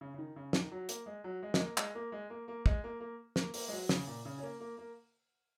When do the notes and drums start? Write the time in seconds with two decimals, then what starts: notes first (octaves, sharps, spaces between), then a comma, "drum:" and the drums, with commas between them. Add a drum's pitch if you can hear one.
0.01 C#3
0.14 C#3
0.18 D#3
0.36 C#3
0.53 D#3, drum: snare
0.71 F#3
0.89 A#3, drum: hi-hat
1.06 G#3
1.24 F#3
1.43 G#3
1.54 G#3, drum: snare
1.60 A#3
1.77 G#3, drum: clap
1.95 A#3
2.12 G#3
2.30 A#3
2.48 A#3
2.66 G#3, drum: kick
2.84 A#3
3.00 A#3
3.36 A#3, drum: snare
3.54 A#3, drum: open hi-hat
3.68 G#3
3.72 F#3
3.89 C#3, drum: snare
4.07 A#2
4.25 C#3
4.38 C#4
4.43 A#3
4.60 A#3
4.78 A#3